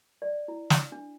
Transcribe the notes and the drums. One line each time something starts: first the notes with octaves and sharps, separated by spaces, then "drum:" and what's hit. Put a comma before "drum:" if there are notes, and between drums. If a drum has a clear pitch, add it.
D5
E4
drum: snare
D4